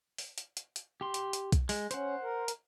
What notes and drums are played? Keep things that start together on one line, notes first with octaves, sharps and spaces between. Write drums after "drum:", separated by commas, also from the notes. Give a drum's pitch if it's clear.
drum: open hi-hat
drum: hi-hat
drum: hi-hat
drum: hi-hat
G4 C6
drum: hi-hat
drum: hi-hat
drum: kick B1, hi-hat
G#3, drum: open hi-hat
C#4 C5 F#5, drum: hi-hat
A#4
drum: hi-hat